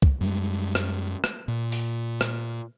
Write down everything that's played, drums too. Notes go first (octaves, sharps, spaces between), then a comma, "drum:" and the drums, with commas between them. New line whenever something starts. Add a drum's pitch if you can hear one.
drum: kick C2
F#2 G3 G#3
drum: rim click
drum: rim click
A#2
drum: open hi-hat
drum: rim click